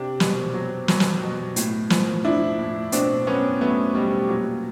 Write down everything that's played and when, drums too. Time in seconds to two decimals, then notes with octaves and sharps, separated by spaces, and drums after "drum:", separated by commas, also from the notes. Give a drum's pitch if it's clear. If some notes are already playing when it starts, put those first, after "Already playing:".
Already playing: C3 C4 D4
0.20 B2, drum: snare
0.54 F#3
0.88 F#3, drum: snare
1.00 drum: snare
1.22 B2
1.56 A2, drum: hi-hat
1.90 F3, drum: snare
2.24 F3 D4 E4
2.59 A2
2.92 B2 C4 D4, drum: hi-hat
3.27 F#3 B3 C#4
3.61 F#3 A3 B3
3.95 B2 G3
4.29 A#2 F#3